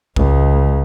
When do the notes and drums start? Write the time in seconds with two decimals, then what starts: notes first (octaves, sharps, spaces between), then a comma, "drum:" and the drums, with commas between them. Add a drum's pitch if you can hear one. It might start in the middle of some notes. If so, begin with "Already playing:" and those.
0.16 C#2, drum: kick